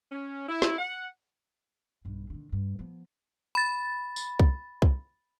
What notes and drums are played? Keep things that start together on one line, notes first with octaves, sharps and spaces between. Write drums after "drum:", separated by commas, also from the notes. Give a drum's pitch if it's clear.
C#4
E4
drum: snare
F#5
B1 G2
D3 D#3
G2
F3 B3
B5 A6
drum: tambourine
drum: kick C2
drum: kick C2